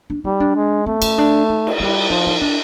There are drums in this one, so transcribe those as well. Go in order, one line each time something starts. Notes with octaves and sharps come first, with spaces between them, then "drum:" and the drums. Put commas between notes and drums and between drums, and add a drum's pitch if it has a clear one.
D4
G3 D#4
D4
G#3
A3 C4
C#4, drum: cymbal
D4
D#4
drum: cymbal
G3 E4
F3 D#4
D#4
D4